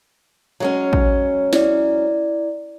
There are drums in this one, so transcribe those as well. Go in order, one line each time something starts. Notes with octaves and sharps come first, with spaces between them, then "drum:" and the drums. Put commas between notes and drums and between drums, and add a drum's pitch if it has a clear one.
F#3 G#3 C#4
drum: kick
E4 D5, drum: snare